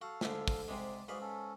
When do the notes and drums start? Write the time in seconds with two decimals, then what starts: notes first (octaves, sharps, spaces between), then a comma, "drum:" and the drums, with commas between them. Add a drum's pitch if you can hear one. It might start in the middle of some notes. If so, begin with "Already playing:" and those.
0.02 F#4 A4 F5
0.21 G#2 D3, drum: snare
0.48 drum: kick, open hi-hat
0.68 G#2 C3 G#3 D5
1.08 G#2 F#4 G#4 B4 D5 F5
1.21 C#4 A4